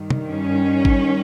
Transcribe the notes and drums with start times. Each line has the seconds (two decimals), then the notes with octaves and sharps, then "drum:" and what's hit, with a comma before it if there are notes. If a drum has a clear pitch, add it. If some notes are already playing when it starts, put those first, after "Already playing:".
Already playing: G2 D#3 G3
0.10 drum: tom
0.29 C#4
0.85 drum: kick G#1